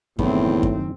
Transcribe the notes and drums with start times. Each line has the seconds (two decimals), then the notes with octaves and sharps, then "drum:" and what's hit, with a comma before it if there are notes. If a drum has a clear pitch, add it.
0.19 F#1 E2 A2 D#3 F#3 C4 D#4, drum: kick F#2
0.63 drum: kick F#2